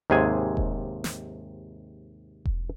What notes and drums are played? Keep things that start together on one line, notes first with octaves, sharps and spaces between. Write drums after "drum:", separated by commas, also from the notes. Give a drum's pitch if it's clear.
D#2 G#2 C3 G#4 G#5
drum: kick E1
drum: snare
drum: kick E1